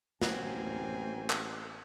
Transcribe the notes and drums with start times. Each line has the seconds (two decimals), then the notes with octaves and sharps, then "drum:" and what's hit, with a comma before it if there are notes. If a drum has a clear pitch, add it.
0.22 A1 F#3 A#3 C4 G#5, drum: snare
1.30 drum: clap